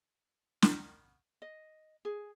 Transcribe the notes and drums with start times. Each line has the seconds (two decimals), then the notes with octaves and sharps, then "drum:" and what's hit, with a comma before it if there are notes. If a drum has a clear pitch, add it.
0.62 drum: snare
1.42 D#5
2.05 G#4